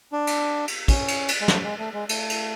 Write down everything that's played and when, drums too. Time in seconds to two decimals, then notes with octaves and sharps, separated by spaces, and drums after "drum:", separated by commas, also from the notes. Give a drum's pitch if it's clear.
0.12 D4
0.27 drum: cymbal
0.68 drum: cymbal
0.88 C#4, drum: kick, cymbal
1.08 drum: cymbal
1.28 drum: cymbal
1.41 G#3
1.48 A3, drum: snare
1.64 G#3
1.79 A3
1.94 G#3
2.09 A3, drum: cymbal
2.30 drum: cymbal